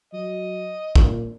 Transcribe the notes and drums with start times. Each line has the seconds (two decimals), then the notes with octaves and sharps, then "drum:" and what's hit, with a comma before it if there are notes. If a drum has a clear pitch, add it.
0.14 F#3 D#5
0.96 A#2, drum: kick